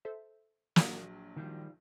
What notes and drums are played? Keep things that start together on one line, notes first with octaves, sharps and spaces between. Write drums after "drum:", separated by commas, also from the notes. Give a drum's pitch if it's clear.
A4 C5 E5
A#1 F#3 D5 F5 F#5, drum: snare
D#3 F3 G3